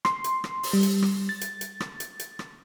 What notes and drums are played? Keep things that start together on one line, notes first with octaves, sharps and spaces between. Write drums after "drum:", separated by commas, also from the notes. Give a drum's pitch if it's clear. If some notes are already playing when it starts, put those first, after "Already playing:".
C6, drum: rim click
drum: hi-hat
drum: rim click
drum: open hi-hat
G3
drum: hi-hat
drum: rim click
A6
drum: hi-hat
drum: hi-hat
drum: rim click
drum: hi-hat
drum: hi-hat
drum: rim click